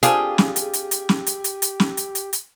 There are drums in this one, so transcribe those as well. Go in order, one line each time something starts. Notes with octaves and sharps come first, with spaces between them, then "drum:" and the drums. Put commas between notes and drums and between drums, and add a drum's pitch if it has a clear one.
C4 D4 F4 G4 G#4, drum: hi-hat
drum: snare
drum: hi-hat
drum: hi-hat
drum: hi-hat
drum: snare
drum: hi-hat
drum: hi-hat
drum: hi-hat
drum: snare
drum: hi-hat
drum: hi-hat
drum: hi-hat